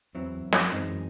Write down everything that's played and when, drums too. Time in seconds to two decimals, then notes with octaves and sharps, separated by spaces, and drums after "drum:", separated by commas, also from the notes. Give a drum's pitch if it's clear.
0.15 E2 F#3 C4 E4
0.43 F#2
0.53 drum: snare
0.71 F#2 E3 G#3 C4 D#4 G#4